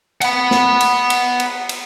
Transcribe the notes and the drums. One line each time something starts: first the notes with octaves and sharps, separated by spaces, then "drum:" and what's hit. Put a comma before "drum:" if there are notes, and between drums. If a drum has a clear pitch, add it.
F#5 B5, drum: cymbal
drum: snare
drum: cymbal
drum: cymbal
drum: cymbal
drum: cymbal